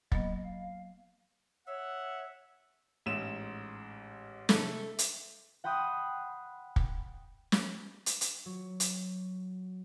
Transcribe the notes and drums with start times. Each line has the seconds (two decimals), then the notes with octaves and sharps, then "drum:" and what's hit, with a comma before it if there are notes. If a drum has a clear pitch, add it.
0.12 F#3 A#3 B3 D#5, drum: kick
0.44 F5
1.67 C#5 E5 F#5
3.06 A1 G#2 E5 E7
4.49 C3 D#3 G#3 A3 A4, drum: snare
4.99 drum: hi-hat
5.64 F#5 G5 B5 C6 D#6 F#6
6.76 drum: kick
7.52 drum: snare
8.06 drum: hi-hat
8.21 drum: hi-hat
8.46 F#3
8.80 drum: hi-hat